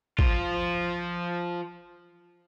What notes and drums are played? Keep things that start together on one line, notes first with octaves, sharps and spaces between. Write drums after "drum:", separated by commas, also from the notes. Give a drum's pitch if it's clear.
F3 F4, drum: kick A1